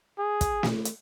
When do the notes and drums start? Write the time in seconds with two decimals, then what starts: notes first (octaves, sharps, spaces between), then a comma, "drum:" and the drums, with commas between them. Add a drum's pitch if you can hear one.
0.19 G#4
0.41 drum: kick, hi-hat
0.63 drum: snare
0.85 drum: hi-hat